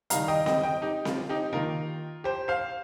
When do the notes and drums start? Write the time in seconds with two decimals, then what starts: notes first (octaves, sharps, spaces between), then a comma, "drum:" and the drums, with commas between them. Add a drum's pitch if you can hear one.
0.10 D#3 G3 D#4 F5 A#5, drum: hi-hat
0.28 D#5 G5
0.46 D#5 G5, drum: snare C4
0.63 D#5 G5
0.82 D#4 G4
1.05 F4, drum: snare C4
1.29 D#4 G4
1.53 D#3 A#3 D#4 F4 A#4
2.24 G4 C5
2.48 C5 F5